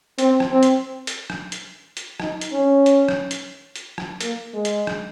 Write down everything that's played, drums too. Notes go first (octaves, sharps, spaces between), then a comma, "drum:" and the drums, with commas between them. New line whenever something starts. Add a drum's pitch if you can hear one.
C4, drum: hi-hat
drum: rim click
C4
drum: hi-hat
drum: hi-hat
drum: rim click
drum: hi-hat
drum: hi-hat
D#4, drum: rim click
drum: hi-hat
C#4
drum: hi-hat
drum: rim click
drum: hi-hat
drum: hi-hat
drum: rim click
A#3, drum: hi-hat
G#3
drum: hi-hat
drum: rim click